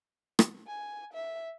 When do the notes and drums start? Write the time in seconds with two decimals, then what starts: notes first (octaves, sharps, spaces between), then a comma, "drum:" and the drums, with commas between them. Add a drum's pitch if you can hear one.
0.39 drum: rim click
0.67 G#5
1.14 E5